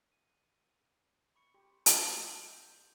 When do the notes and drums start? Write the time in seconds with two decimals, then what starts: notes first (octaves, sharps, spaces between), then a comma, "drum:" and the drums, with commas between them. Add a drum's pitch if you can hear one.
0.12 D#7
1.35 B5 C#6 C#7
1.54 G4 C6
1.86 drum: hi-hat
2.04 E5
2.44 G6 E7